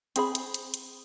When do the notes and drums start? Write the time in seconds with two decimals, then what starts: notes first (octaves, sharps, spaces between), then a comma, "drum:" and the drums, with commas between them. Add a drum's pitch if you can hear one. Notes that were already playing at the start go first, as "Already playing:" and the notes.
0.16 C4 G#4 B5, drum: hi-hat
0.35 drum: hi-hat
0.54 drum: hi-hat
0.74 drum: hi-hat